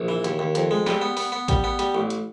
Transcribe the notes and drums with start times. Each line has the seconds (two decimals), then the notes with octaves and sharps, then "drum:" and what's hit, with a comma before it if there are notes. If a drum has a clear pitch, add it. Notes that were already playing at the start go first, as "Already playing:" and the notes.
Already playing: A#1
0.08 E3
0.24 D#2, drum: hi-hat
0.39 D#2
0.55 F2, drum: hi-hat
0.71 G#3
0.86 G3, drum: snare
1.02 B3
1.17 B3, drum: open hi-hat
1.32 B3
1.48 G3, drum: kick, hi-hat
1.64 B3
1.79 G3, drum: hi-hat
1.95 A1
2.10 drum: hi-hat